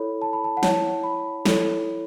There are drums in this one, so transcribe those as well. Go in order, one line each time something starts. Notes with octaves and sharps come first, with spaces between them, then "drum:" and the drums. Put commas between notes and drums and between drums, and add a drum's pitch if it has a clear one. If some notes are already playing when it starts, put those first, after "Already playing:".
Already playing: E4 A4 C#5 B5
A5
B5
A5
F#5
E4 C#5 A5, drum: snare
B5
E4 A4 C#5, drum: snare